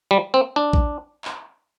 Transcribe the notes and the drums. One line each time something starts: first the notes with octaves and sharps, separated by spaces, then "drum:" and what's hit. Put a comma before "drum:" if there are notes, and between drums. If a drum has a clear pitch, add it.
G3
C4
D4
drum: kick A#1
drum: clap